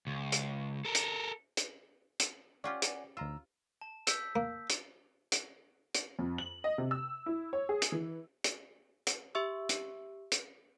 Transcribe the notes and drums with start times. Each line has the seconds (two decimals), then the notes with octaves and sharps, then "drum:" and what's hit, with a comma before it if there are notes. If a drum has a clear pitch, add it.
0.07 C#2
0.32 drum: hi-hat
0.85 A4 A#4
0.95 drum: hi-hat
1.57 drum: hi-hat
2.19 drum: hi-hat
2.64 C#4 F4 G4 D5 F#5 G#5
2.82 drum: hi-hat
3.17 D2 F4 A#5 E6
3.81 A5
4.07 E6 G6 B6, drum: hi-hat
4.36 A#3
4.69 drum: hi-hat
5.32 drum: hi-hat
5.94 drum: hi-hat
6.19 F2
6.38 F#7
6.64 D#5
6.78 C3
6.91 E6
7.26 E4
7.53 C#5
7.69 G#4
7.82 drum: hi-hat
7.92 E3
8.44 drum: hi-hat
9.07 drum: hi-hat
9.35 G4 E5 C#6 E6
9.69 drum: hi-hat
10.31 drum: hi-hat